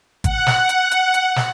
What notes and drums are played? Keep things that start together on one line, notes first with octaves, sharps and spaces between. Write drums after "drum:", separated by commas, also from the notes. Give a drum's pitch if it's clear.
F#5, drum: kick, hi-hat
drum: snare
drum: hi-hat
drum: hi-hat
drum: hi-hat
drum: snare